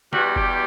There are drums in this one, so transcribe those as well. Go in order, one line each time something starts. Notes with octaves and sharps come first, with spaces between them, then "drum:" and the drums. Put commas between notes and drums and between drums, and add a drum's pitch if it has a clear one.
E2 B2 G3 F#4, drum: snare
F#4
G4, drum: kick